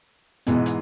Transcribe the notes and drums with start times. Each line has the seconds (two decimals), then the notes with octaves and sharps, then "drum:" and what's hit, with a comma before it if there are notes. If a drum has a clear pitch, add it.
0.47 G#2 B2 E3 G#3 B3, drum: hi-hat
0.66 drum: hi-hat